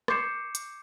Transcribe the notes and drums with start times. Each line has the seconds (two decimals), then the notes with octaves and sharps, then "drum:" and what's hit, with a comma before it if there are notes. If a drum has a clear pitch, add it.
0.08 C#6 D6 G6 C7 C#7 E7, drum: rim click
0.55 drum: hi-hat